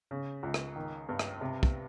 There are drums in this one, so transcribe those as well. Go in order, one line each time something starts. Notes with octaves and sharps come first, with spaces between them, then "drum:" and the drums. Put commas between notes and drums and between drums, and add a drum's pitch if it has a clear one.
C#3
C#2
drum: rim click
D#3
G2
drum: rim click
C3
drum: kick